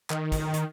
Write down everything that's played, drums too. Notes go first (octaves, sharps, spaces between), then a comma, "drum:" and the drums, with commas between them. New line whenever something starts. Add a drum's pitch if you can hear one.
D#3, drum: clap
drum: kick, hi-hat
drum: hi-hat